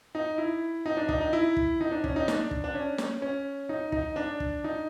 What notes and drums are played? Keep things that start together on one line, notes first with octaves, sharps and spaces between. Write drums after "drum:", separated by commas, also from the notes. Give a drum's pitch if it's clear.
D#4
E4
D#4
D4
D#4, drum: kick
D#4
E4
drum: kick
D#4
D4
C#4, drum: kick
D#4
D4, drum: snare
drum: kick
D4
C#4
drum: snare
C#4
D#4
D#4, drum: kick
D4
drum: kick
D#4